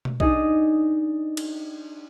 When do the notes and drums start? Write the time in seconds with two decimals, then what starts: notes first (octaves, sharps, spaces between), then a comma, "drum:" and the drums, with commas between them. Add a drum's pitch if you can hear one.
0.05 drum: tom B2
0.20 D4 D#4 G#4 D#5, drum: kick A#1
1.37 drum: cymbal